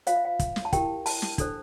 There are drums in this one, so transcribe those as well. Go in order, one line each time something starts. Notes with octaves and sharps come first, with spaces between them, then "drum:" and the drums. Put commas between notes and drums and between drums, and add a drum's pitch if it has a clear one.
F4 C5 F5, drum: hi-hat
E5
F5
drum: kick, hi-hat
drum: snare
A5
E4 G4 A#4 G5, drum: kick, hi-hat
A5, drum: open hi-hat
drum: snare
D4 A4 C5, drum: kick, hi-hat